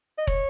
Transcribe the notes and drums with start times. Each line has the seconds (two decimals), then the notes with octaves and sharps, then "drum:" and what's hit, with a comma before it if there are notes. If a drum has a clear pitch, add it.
0.18 D#5
0.27 C#5, drum: kick